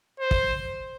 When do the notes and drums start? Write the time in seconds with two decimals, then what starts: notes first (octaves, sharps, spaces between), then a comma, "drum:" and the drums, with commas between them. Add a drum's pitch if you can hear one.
0.20 C5
0.31 drum: kick